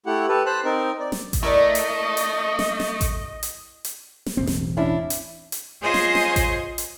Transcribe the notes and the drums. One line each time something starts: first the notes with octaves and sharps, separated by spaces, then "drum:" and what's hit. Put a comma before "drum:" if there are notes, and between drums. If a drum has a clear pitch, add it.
A3 E4 G4 F#5
G4 A4 B4
C5 A5 B5 F#6
C4 D#4 A#4
D5
drum: snare
drum: kick A1, hi-hat
A3 E4 A#4 D5 D#5
drum: hi-hat
drum: hi-hat
drum: snare
drum: snare
drum: kick A1, hi-hat
drum: hi-hat
drum: hi-hat
drum: snare
E1 A1 C4
drum: snare
C#4 D4 E4
drum: hi-hat
drum: hi-hat
F4 G#4 C5 C#5 D#5 G#5
drum: snare
drum: snare
drum: kick A1, hi-hat
drum: hi-hat